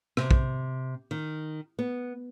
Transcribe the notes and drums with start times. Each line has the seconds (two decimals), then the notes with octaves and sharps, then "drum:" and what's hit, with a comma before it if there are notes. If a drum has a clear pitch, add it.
0.17 C3, drum: rim click
0.31 drum: kick
1.11 D#3
1.79 B3